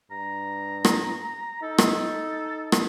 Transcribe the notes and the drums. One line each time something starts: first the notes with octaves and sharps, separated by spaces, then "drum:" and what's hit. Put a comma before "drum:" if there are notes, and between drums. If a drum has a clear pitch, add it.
G2 A#5
drum: rim click
D#4 A4
drum: rim click
drum: rim click